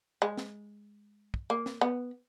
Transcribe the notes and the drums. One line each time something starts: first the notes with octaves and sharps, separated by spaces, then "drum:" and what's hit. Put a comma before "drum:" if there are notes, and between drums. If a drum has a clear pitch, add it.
G#3
drum: snare
drum: kick
A#3
drum: snare
B3